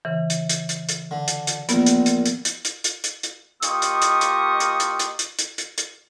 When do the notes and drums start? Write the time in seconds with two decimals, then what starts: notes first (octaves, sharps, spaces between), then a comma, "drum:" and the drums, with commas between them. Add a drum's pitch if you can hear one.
0.05 C#3 E3
0.30 drum: hi-hat
0.49 drum: hi-hat
0.69 drum: hi-hat
0.89 drum: hi-hat
1.11 D3
1.28 drum: hi-hat
1.47 drum: hi-hat
1.69 A#1 A#2 B3, drum: hi-hat
1.86 drum: hi-hat
2.06 drum: hi-hat
2.26 drum: hi-hat
2.45 drum: hi-hat
2.65 drum: hi-hat
2.84 drum: hi-hat
3.04 drum: hi-hat
3.23 drum: hi-hat
3.63 A#3 F4 G4 D#5 C#6 D#6, drum: hi-hat
3.82 drum: hi-hat
4.02 drum: hi-hat
4.21 drum: hi-hat
4.60 drum: hi-hat
4.80 drum: hi-hat
4.99 drum: hi-hat
5.19 drum: hi-hat
5.39 drum: hi-hat
5.58 drum: hi-hat
5.78 drum: hi-hat